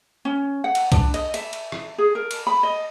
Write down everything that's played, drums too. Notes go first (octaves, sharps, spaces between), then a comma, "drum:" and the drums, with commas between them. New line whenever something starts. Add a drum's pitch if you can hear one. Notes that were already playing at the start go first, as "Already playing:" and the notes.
C#4
F#5
drum: cymbal
D4, drum: kick B1, cymbal
D#5, drum: cymbal
E5, drum: cymbal
drum: cymbal
drum: rim click
G#4
A#4
drum: cymbal
B5
D#5